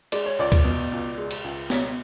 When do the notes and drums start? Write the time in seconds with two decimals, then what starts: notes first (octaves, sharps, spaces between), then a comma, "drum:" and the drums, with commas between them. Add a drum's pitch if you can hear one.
0.12 G#3 D5, drum: cymbal
0.26 C#5
0.39 C#2 D5
0.52 drum: kick, cymbal
0.64 B2
0.92 C#2
1.18 G#3
1.31 drum: cymbal
1.44 C#2
1.70 B2 C#5, drum: snare